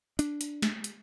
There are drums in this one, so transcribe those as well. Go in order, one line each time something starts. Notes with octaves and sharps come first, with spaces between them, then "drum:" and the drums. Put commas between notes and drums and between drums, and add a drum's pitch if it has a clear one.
D4, drum: hi-hat
drum: hi-hat
drum: snare
drum: hi-hat